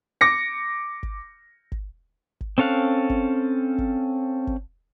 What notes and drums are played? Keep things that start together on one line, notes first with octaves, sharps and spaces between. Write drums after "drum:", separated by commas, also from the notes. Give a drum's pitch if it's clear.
D6 A#6 C#7
drum: kick G1
drum: kick G1
drum: kick G1
C4 C#4 A4 F5 F#6
drum: kick G1
drum: kick G1
drum: kick G1